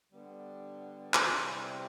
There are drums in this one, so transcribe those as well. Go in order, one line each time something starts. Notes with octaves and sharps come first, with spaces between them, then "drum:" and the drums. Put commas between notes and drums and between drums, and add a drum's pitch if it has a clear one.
D3 G3 B3 D4
drum: clap
C3 G3 C4 E4